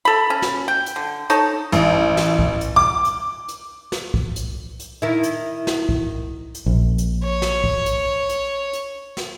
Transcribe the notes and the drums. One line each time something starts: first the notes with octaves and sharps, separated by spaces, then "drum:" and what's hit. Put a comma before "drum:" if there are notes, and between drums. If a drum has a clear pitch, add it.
A4 B5
C#4
drum: snare
G5
drum: hi-hat
D3
D#4 A4 C#5, drum: hi-hat
A1, drum: hi-hat
drum: snare
drum: kick C2
drum: hi-hat
D6
drum: hi-hat
drum: hi-hat
drum: snare
drum: kick C2
drum: hi-hat
drum: hi-hat
D#3 E4
drum: hi-hat
drum: snare
drum: kick C2
drum: hi-hat
A#1
drum: hi-hat
C#5
drum: snare
drum: kick C2
drum: hi-hat
drum: hi-hat
drum: hi-hat
drum: snare